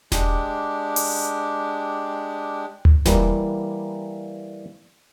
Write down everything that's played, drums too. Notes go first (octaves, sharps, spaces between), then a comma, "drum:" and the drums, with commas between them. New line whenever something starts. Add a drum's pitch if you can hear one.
G#3 D4 G4, drum: snare E1
drum: open hi-hat
drum: tom D2
E3 G3 A#3, drum: snare E1